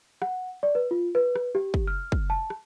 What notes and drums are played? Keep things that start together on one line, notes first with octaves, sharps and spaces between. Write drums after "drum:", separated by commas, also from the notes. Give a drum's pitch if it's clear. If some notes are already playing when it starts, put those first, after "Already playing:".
F#5, drum: rim click
D5
B4
F4
B4
drum: rim click
G4
drum: kick
F6
drum: kick
A5
drum: rim click